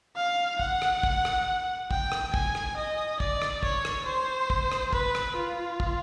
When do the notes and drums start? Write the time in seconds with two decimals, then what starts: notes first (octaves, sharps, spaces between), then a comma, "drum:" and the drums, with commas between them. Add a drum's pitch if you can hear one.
0.16 F5
0.59 F#5, drum: kick
0.82 drum: rim click
1.03 drum: kick
1.25 drum: rim click
1.91 G5, drum: kick
2.12 drum: rim click
2.34 G#5, drum: kick
2.55 drum: rim click
2.77 D#5
3.20 D5, drum: kick
3.42 drum: rim click
3.63 C#5, drum: kick
3.85 drum: rim click
4.06 C5
4.50 drum: kick
4.72 drum: rim click
4.93 B4, drum: kick
5.15 drum: rim click
5.36 F4
5.80 drum: kick